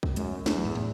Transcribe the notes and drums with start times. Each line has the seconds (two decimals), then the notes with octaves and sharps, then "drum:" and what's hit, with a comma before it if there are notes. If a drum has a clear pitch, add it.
0.03 drum: kick C2
0.16 F#2 G#3, drum: hi-hat
0.46 E2 A3, drum: snare
0.56 F#3
0.65 G#2
0.75 A2